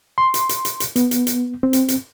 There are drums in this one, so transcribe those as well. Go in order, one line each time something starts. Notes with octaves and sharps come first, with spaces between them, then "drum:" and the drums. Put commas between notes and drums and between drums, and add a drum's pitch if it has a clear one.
C6
drum: hi-hat
drum: hi-hat
drum: hi-hat
drum: hi-hat
B3, drum: hi-hat
drum: hi-hat
drum: hi-hat
C4
drum: hi-hat
drum: hi-hat